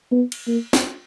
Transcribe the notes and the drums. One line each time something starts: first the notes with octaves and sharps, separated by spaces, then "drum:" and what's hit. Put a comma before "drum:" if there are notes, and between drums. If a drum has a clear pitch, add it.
B3
drum: cymbal
A#3
drum: snare